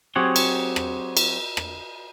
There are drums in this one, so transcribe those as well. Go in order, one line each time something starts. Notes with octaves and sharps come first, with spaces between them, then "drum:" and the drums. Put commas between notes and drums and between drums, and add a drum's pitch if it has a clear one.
F#3 C4 G4 G#4 C#5 F#5
drum: cymbal
drum: rim click
drum: cymbal
drum: rim click